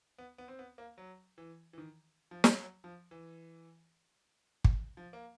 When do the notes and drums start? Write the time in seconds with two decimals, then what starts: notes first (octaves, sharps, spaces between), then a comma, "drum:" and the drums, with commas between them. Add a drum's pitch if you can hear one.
0.18 B3
0.38 B3
0.48 C4
0.59 B3
0.78 A#3
0.98 F#3
1.38 E3
1.73 E3
1.78 D#3
2.31 F3
2.44 drum: snare
2.57 F#3
2.84 F3
3.11 E3
4.64 drum: kick
4.97 F3
5.13 A#3